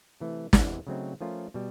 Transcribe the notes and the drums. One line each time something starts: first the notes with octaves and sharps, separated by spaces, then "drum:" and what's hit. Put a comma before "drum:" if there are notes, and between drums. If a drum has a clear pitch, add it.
C3 E3 A3
E2 C3 E3 G#3 B3, drum: snare
C#3 F#3 A3 C4 D#4
F3 A3 C#4 F4 A#4
B2 G3